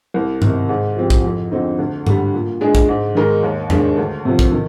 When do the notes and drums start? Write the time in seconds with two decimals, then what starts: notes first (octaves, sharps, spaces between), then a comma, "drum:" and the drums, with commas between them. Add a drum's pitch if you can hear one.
0.14 C2
0.42 C3 D#3, drum: tom G2
0.69 G#2
0.97 F3 C4 G4
1.10 drum: kick A1
1.24 F2
1.52 D3 F3 C4 D#4
1.79 D2
2.07 D3 G3, drum: tom G2
2.34 A#2
2.61 G#3 D4 G#4
2.75 drum: kick A1
2.89 G#2
3.15 D#3 G#3 D#4 A#4
3.43 D#2
3.70 D#3 G#3 D4, drum: tom E2
3.98 D2
4.25 C3 F3
4.39 drum: kick A1
4.53 D#3